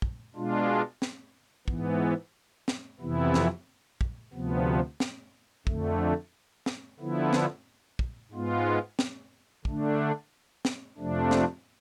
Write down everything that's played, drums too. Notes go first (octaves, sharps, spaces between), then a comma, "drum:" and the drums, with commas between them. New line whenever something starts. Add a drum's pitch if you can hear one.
drum: kick
B2 G#3 D4 F4
drum: snare
G#2 E3 B3, drum: kick
drum: snare
F2 C3 E3 B3 E4
drum: snare
drum: kick
D2 C3 F3 B3
drum: snare
F2 D3 A3, drum: kick
drum: snare
D3 F3 B3 E4
drum: snare
drum: kick
G#2 G#3 B3 F4
drum: snare
D3 A3 D4, drum: kick
drum: snare
F2 C3 F3 A3 D4
drum: snare